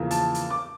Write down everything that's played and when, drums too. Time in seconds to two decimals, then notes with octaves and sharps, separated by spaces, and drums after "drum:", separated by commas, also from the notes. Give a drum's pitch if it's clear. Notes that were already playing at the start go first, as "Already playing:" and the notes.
Already playing: E2 C#3 F3 A#3
0.11 A5, drum: hi-hat
0.35 drum: hi-hat
0.51 D6